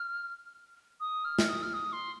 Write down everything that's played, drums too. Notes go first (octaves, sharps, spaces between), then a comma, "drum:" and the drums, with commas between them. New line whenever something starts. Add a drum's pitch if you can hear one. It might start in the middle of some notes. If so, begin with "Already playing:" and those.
Already playing: F6
D#6
F6
drum: snare
D#6
F6
D#6
C6